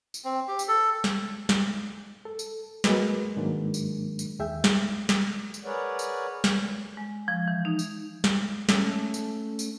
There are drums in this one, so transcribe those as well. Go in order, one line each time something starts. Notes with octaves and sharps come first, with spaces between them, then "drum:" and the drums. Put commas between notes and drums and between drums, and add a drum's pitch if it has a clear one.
drum: tambourine
C4
G4
drum: tambourine
A4
drum: snare
drum: snare
A4
drum: tambourine
F#3 G#3 A#3 F#4 B4, drum: snare
G#2 D#3 F#3 G#3 A#3 D4
drum: tambourine
drum: tambourine
D#2 G#4 E5 G5
drum: snare
drum: snare
drum: tambourine
G#4 A#4 B4 C#5 D5 F#5
drum: tambourine
drum: snare
G#3
F3
E3
D#4
drum: tambourine
drum: snare
A3 C#4 A4, drum: snare
drum: tambourine
drum: tambourine